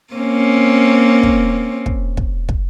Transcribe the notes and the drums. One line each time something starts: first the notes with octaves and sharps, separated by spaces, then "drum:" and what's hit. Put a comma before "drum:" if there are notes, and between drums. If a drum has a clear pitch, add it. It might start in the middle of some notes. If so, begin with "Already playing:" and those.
A#3 C4 C#4
drum: kick
drum: kick
drum: kick
drum: kick